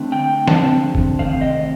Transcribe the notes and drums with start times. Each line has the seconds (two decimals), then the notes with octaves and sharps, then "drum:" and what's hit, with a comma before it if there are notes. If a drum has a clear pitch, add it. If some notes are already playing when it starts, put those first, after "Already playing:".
Already playing: D3 A3 C4
0.12 G5
0.48 D3 F3 C4 A5, drum: snare
0.95 drum: kick F#1
1.19 C3 D#3 A3 C4 F5
1.41 D#5